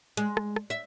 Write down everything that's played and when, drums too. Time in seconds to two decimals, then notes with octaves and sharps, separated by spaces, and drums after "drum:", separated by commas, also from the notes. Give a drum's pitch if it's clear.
0.17 G#3, drum: hi-hat
0.37 drum: rim click
0.56 drum: rim click
0.70 E5